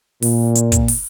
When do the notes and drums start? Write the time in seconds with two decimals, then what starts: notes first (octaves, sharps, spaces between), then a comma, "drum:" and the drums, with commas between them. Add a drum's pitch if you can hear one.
0.22 A#2, drum: open hi-hat
0.55 drum: hi-hat
0.72 drum: kick, hi-hat
0.88 drum: open hi-hat